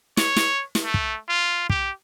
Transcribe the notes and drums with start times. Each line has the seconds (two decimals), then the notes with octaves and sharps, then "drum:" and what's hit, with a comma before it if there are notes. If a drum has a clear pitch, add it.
0.17 C#5, drum: snare
0.37 drum: snare
0.75 drum: snare
0.84 A3
0.94 drum: kick
1.29 F4
1.70 G4, drum: kick